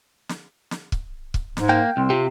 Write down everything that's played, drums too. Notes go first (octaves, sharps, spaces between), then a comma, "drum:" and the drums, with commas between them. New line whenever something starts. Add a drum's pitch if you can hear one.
drum: snare
drum: snare
drum: kick
drum: kick
G#2, drum: snare
A#3 G5
C2 C4
C3 F4 G4